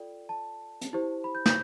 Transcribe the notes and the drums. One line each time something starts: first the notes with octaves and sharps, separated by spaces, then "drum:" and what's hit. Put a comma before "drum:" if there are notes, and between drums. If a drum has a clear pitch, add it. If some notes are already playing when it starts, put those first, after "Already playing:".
Already playing: F4 A4 D5 G5
A5
drum: hi-hat
E4 G4 C5
B5
G6
G6, drum: snare